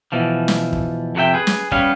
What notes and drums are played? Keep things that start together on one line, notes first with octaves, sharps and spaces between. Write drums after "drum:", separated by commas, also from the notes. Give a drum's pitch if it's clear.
B2 E3 F3
drum: snare
drum: kick
F2 C3 F#4 E5 G5
G#4 B4
drum: snare
G3 B3 C#4 F5, drum: kick